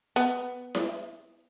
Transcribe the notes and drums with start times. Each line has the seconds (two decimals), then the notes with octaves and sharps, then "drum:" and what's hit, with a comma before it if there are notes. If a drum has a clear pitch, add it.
0.16 B3
0.75 drum: snare E4